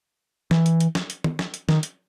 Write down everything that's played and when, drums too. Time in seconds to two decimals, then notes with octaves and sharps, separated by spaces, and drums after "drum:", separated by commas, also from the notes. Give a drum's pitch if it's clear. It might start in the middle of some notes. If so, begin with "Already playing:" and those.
0.51 E3, drum: snare
0.66 drum: hi-hat
0.80 drum: hi-hat
0.95 drum: snare
1.10 drum: hi-hat
1.24 drum: tom
1.39 drum: snare
1.54 drum: hi-hat
1.69 D#3, drum: snare
1.83 drum: hi-hat